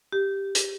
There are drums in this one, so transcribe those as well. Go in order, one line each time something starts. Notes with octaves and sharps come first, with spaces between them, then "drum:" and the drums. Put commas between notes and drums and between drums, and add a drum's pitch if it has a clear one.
G4
drum: hi-hat